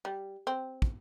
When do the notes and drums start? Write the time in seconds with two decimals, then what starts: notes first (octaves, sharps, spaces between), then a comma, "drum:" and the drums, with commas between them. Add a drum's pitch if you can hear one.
0.05 G3
0.47 C4
0.82 drum: kick